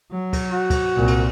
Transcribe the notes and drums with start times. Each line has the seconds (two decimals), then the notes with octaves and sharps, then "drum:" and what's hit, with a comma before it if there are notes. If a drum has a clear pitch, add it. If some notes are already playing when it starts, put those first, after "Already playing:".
0.12 F#3
0.33 drum: kick C#2, cymbal
0.52 F#4
0.70 drum: kick C#2, cymbal
0.96 C2 A#2
1.07 drum: cymbal